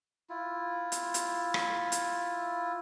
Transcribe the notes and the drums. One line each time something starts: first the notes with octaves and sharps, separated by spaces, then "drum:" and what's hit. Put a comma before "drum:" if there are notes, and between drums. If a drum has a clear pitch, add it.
E4 F4
drum: hi-hat
drum: hi-hat
drum: rim click
drum: hi-hat